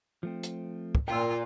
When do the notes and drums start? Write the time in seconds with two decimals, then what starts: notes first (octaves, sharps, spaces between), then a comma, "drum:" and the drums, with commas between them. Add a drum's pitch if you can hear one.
0.23 F3 A3 C4
0.43 drum: hi-hat
0.95 drum: kick
1.08 A#2 F4 A#4 G5 C6 E6